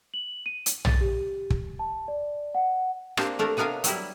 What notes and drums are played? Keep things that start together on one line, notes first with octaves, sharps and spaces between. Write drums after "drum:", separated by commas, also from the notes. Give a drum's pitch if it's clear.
F#7
D#7
drum: hi-hat
A6, drum: tom
G4
drum: kick
A5
D5
F#5
A#3 C4 D4 G4, drum: rim click
A3 D4 A#4
C3 B3 D4 A#4 F5 G#5
F#3 G3 E4, drum: hi-hat